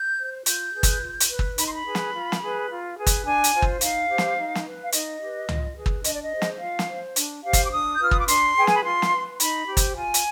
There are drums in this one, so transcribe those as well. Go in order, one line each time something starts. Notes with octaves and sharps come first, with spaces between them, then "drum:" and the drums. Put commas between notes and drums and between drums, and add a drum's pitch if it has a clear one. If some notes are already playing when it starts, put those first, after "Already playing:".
Already playing: G6
C5
F4 G6, drum: hi-hat
G#4 B4
drum: kick, hi-hat
F4
drum: hi-hat
B4
drum: kick
D#4 B5, drum: hi-hat
C6
B5
G#4 B4
drum: snare
F4
drum: snare
G#4 B4
F4
G#4 B4
drum: kick, hi-hat
D4 G#5
drum: hi-hat
F4 C5
drum: kick
D#4 F5, drum: hi-hat
G4 C5
drum: snare
D#4
drum: snare
B4
F5
D#4 D#5, drum: hi-hat
G4 B4
F4, drum: tom C#2
G#4 B4
drum: kick
D4 D#5, drum: hi-hat
D5
D#5
G#4 C5
drum: snare
F4 F5
drum: snare
C5
D4, drum: hi-hat
G4 C5 F5
drum: kick, hi-hat
D6
D4 D#6
G6
F4 B4 F6
D#6, drum: kick
D6
D4 C6, drum: hi-hat
G#4 B4 G5
G#5, drum: snare
B5
F4 C6
drum: snare
B4
D#4 B5, drum: hi-hat
G4 C5
drum: kick, hi-hat
F4 G#5
drum: hi-hat